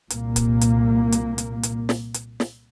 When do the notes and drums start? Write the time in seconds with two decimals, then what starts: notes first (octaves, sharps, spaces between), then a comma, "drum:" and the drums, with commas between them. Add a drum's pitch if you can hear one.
0.10 C2 A#2 A#3, drum: hi-hat
0.36 drum: kick C#1, hi-hat
0.61 drum: hi-hat
1.12 drum: hi-hat
1.38 drum: hi-hat
1.63 drum: hi-hat
1.89 drum: snare
2.14 drum: hi-hat
2.40 drum: snare